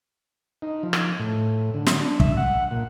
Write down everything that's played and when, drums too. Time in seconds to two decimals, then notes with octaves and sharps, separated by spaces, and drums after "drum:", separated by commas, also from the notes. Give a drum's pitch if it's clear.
0.62 D#4
0.83 F3
0.93 drum: rim click
1.19 A2
1.74 D3
1.86 F#3, drum: snare
2.00 D4
2.20 E5, drum: kick
2.37 F#5
2.71 A#2